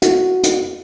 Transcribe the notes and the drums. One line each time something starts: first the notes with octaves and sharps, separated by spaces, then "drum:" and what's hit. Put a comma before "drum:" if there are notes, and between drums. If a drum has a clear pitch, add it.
F#4, drum: hi-hat
drum: hi-hat